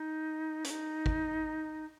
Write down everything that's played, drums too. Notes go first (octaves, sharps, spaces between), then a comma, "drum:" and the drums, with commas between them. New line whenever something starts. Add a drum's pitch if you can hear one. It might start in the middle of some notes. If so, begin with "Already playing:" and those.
Already playing: D#4
C#4, drum: hi-hat
D#4
drum: kick